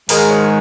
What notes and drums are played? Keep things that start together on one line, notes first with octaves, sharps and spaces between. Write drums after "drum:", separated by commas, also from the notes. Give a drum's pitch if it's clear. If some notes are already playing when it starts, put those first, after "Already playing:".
G#2 D#3 G#3 A#4, drum: open hi-hat
C#5